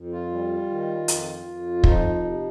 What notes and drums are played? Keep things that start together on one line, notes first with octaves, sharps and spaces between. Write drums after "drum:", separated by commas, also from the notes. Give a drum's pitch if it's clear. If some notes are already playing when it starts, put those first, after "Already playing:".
Already playing: F2
F4
G3
D#3
F2, drum: hi-hat
F2
F3 D#4, drum: kick
C3